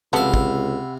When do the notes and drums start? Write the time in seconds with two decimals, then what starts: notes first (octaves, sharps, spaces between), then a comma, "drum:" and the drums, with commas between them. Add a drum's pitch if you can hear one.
0.13 C#2 C3 B3 A4 F5 F#5 B5 E6
0.34 drum: kick